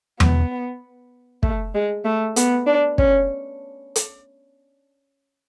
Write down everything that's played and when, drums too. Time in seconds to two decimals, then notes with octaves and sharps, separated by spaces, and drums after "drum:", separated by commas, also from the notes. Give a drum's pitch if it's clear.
0.20 B3, drum: tom E2
1.43 A3, drum: kick
1.75 G#3
2.05 A3
2.36 B3, drum: hi-hat
2.67 D4
2.98 C#4, drum: kick
3.96 drum: hi-hat